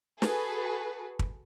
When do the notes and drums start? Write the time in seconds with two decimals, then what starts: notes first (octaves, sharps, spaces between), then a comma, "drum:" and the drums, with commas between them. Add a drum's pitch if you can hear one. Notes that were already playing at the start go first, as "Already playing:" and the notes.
0.22 F#4 G#4 A4 B4, drum: snare
1.19 drum: kick